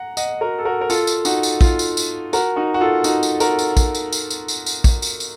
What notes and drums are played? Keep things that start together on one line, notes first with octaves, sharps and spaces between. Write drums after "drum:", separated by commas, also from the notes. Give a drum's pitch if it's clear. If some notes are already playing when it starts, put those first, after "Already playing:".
Already playing: F#5 A#5
D#5 F#5, drum: tambourine
F#4 A#4
A4
F#4 A#4
A#4
F4 A4, drum: tambourine
drum: tambourine
D#4 F#4, drum: tambourine
drum: tambourine
F4, drum: kick, tambourine
drum: tambourine
drum: tambourine
F#4 A#4, drum: tambourine
D#4 F#4
F#4
F4 A4
D#4 F#4, drum: tambourine
drum: tambourine
F#4 A#4, drum: tambourine
drum: tambourine
drum: kick, tambourine
drum: tambourine
drum: tambourine
drum: tambourine
drum: tambourine
drum: tambourine
drum: kick, tambourine
drum: tambourine
drum: tambourine